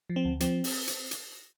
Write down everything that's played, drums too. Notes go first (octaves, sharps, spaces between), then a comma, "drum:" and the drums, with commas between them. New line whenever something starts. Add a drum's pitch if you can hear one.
F3
C4
D2
F3 C4, drum: hi-hat
drum: open hi-hat
drum: hi-hat
drum: hi-hat